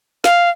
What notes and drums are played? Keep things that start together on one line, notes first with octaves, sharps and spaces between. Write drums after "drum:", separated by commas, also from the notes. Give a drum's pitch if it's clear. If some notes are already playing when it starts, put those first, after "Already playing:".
F5, drum: snare